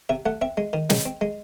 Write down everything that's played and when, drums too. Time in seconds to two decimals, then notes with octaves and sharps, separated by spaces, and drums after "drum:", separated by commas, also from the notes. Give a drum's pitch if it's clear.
0.09 C3 E5
0.26 A3 F#5
0.41 C4 E5
0.57 G#3
0.73 D#3
0.90 G#3, drum: snare
1.06 C4
1.21 G#3